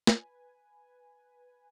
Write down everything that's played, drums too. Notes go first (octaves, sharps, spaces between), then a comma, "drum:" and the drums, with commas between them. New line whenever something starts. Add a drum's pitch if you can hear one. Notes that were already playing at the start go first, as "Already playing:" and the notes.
B4 G#5, drum: snare